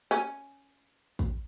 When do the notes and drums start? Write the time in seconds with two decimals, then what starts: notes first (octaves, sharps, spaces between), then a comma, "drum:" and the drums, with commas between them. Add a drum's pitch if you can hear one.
0.11 C#4
1.19 drum: kick